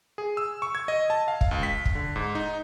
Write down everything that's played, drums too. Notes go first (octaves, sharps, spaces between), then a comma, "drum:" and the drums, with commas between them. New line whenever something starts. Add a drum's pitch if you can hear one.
G#4
E6
C#6
G#6
D#5
A5
F5
drum: kick
C#2
B6
drum: kick
D3
G#2
D#4